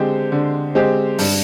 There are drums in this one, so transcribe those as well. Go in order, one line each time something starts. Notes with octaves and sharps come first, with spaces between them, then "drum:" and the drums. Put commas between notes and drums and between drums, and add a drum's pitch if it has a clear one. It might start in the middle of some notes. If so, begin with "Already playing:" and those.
Already playing: D3 G#3 C4 G4 C5
D3
G#3 C4 G4 C5
G2, drum: open hi-hat